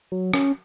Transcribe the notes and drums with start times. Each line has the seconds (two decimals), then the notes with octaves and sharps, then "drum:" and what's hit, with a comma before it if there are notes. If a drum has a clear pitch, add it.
0.12 F#3
0.34 C#4, drum: rim click